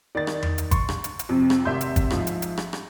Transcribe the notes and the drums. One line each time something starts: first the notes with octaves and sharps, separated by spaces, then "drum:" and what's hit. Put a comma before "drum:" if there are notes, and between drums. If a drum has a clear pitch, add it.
D#3 D5 A6
drum: rim click
drum: tom E2
drum: hi-hat
C6 C#6, drum: kick, hi-hat
drum: rim click
drum: hi-hat
drum: hi-hat
F2 C3
drum: rim click
G#1 C3 E5 C6 G6
drum: hi-hat
drum: kick, hi-hat
G#2 F3, drum: rim click
drum: hi-hat
drum: hi-hat
drum: rim click
drum: rim click